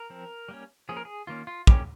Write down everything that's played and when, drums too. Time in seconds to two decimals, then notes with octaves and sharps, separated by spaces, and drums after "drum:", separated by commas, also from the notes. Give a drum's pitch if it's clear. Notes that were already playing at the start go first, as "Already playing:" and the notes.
Already playing: A#4
0.10 F3 C4
0.49 G3 A#3 C#4
0.89 F3 A#3 C#4 G#4
0.97 A#4
1.05 G#4
1.27 D#3 A#3 C#4 F4
1.47 F4
1.67 C#3 G3 A#3 C#4 G4, drum: kick